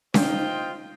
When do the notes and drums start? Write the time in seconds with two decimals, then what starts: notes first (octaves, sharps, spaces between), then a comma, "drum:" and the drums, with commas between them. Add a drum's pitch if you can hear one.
0.14 D4 F4 C5 D#5 G5, drum: snare C#4
0.27 D#4
0.38 D#4